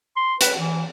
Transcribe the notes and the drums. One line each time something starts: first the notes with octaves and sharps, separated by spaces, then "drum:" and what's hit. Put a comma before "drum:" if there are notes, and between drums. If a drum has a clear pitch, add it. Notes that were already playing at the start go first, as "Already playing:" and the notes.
C6
B4, drum: hi-hat
E3